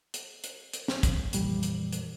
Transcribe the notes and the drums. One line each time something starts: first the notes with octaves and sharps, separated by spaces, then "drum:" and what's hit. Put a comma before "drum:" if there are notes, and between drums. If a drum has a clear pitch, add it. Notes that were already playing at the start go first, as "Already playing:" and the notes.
drum: hi-hat
drum: hi-hat
drum: hi-hat
drum: snare
drum: kick, hi-hat
F2 A#2 E3 G3, drum: hi-hat
drum: hi-hat
drum: hi-hat